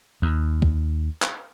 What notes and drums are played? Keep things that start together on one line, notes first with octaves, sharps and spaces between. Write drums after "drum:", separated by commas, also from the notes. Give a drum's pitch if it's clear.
D#2
drum: kick C#2
drum: clap